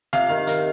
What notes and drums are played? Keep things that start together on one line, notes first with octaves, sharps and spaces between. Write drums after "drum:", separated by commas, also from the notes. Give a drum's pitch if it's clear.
C3 F5, drum: snare
D#3
D#3, drum: hi-hat